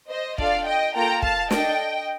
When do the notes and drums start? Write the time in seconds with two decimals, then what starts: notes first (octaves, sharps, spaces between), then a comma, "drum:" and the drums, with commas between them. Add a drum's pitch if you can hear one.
0.10 C5 D#5
0.38 D4 F4 A4 D5 F5, drum: kick
0.66 D#5 G5
0.96 A#3 F4 A4 G5 A#5
1.22 F5 A5, drum: kick
1.51 D4 A4 D#5 G5, drum: snare